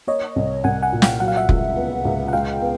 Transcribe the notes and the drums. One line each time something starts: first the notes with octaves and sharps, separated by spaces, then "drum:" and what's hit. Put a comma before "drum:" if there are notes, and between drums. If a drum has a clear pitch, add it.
A#3 C#5 D#5
C2
C2 F#5 G#5
F#5 G#5
A#2
F5 G5, drum: snare
F#3 F#5
F5
E5 F#5
C#2, drum: kick F1
B3
C#2
F#5
G#3 F5 G5
B3